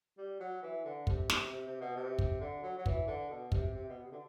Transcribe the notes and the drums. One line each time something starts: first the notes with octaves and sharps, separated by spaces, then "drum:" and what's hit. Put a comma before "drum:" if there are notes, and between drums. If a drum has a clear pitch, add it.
G3
F#3
E3
D3
C3, drum: kick
drum: snare
C3
C3
B2
C3
drum: kick
D3
F#3
F#3
E3, drum: kick
D3
B2
C3, drum: kick
C3
B2
C3
D3